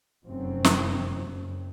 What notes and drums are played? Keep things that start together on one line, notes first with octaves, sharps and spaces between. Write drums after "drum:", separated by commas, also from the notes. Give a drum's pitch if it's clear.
F1 F#2 C4
drum: snare
F#1